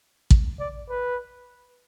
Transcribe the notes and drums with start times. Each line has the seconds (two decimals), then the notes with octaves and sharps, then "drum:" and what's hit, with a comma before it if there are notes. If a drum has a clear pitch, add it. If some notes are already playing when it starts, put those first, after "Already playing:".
0.31 drum: kick
0.60 D5
0.90 B4